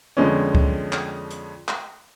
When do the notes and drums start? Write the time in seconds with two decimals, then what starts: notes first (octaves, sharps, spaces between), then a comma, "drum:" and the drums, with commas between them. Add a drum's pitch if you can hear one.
0.17 F2 D3 F3 G#3 B3 C#4
0.55 drum: kick C#2
0.93 drum: clap
1.31 drum: hi-hat
1.68 drum: clap